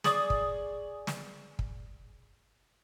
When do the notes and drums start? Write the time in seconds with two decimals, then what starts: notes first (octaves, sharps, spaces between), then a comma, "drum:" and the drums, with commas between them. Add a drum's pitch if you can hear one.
0.04 G#4 D5 C#6 D#6, drum: snare
0.30 drum: kick
1.07 drum: snare
1.59 drum: kick